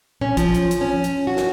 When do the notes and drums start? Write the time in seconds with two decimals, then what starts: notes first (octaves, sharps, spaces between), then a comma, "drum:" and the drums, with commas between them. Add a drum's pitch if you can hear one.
0.21 C#4, drum: tom A#2
0.37 F3, drum: kick, hi-hat
0.54 drum: hi-hat
0.71 drum: hi-hat
0.81 C#4
1.04 drum: hi-hat
1.27 F#4
1.37 drum: snare